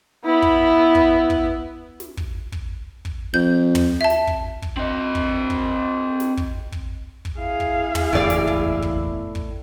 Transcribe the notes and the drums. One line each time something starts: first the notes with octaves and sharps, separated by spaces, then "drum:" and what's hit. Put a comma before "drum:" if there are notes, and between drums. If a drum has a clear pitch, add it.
B3 E4
drum: kick
drum: kick
drum: kick
drum: snare
drum: kick
drum: kick
drum: kick
F2 G6
drum: tom
E5 A5
drum: snare
drum: kick
drum: kick
C4 D#5
drum: kick
drum: kick
drum: snare
drum: kick
drum: kick
drum: kick
E4 G#4 F5
drum: kick
drum: tom
F#1 E2 A2 D5
drum: snare
drum: kick
drum: kick
drum: kick